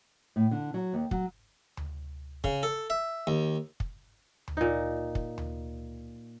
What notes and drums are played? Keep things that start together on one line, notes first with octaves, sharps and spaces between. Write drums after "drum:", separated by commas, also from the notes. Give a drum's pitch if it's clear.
A2
D3
F#3
D#2
F#3, drum: kick
drum: tom D2
C#3, drum: kick
A4
E5
D#2
drum: kick
drum: tom D2
A#2 D#4
drum: kick
drum: tom D2